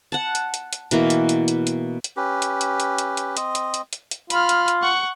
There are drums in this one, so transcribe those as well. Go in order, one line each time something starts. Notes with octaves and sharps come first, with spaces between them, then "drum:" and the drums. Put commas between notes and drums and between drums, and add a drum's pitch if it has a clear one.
F#5 A5
drum: hi-hat
drum: hi-hat
drum: hi-hat
B2 E3 A#3, drum: hi-hat
drum: hi-hat
drum: hi-hat
drum: hi-hat
drum: hi-hat
drum: hi-hat
C#4 G4 B4
drum: hi-hat
drum: hi-hat
drum: hi-hat
drum: hi-hat
drum: hi-hat
C4 D#5, drum: hi-hat
drum: hi-hat
drum: hi-hat
drum: hi-hat
drum: hi-hat
F4 B5 F6, drum: hi-hat
drum: hi-hat
drum: hi-hat
F#5 C#6